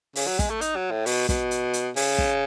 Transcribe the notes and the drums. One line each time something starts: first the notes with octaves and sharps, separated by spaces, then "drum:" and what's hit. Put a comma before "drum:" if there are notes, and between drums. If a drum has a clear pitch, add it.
C#3, drum: open hi-hat
F#3
G#3, drum: kick, hi-hat
A3
D#4, drum: hi-hat
F#3
A2
B2, drum: open hi-hat
B2, drum: kick, hi-hat
drum: hi-hat
drum: hi-hat
C#3, drum: open hi-hat
drum: kick